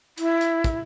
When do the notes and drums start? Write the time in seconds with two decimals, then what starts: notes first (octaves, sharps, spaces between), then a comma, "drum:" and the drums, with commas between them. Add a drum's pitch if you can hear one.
0.18 E4, drum: hi-hat
0.41 drum: hi-hat
0.64 drum: kick, hi-hat